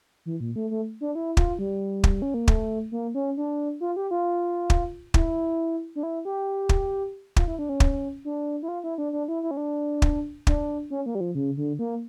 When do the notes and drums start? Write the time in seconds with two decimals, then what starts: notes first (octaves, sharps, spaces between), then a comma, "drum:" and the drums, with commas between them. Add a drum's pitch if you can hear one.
0.26 E3
0.40 A#2
0.56 A3
0.71 A3
1.01 D4
1.15 E4
1.37 F4, drum: kick
1.59 G3
2.04 drum: kick
2.22 C#4
2.34 A#3
2.48 A3, drum: kick
2.92 A#3
3.15 C#4
3.37 D4
3.81 F4
3.96 G4
4.11 F4
4.70 drum: kick
5.14 E4, drum: kick
5.96 D4
6.03 E4
6.25 G4
6.69 drum: kick
7.36 F4, drum: kick
7.48 E4
7.59 D4
7.69 C#4
7.80 drum: kick
8.25 D4
8.63 E4
8.68 F4
8.84 E4
8.98 D4
9.13 D4
9.28 E4
9.43 E4
9.51 C#4
9.57 D4
10.02 drum: kick
10.47 D4, drum: kick
10.90 C#4
11.06 A#3
11.15 G3
11.21 F3
11.35 C#3
11.57 D3
11.79 A#3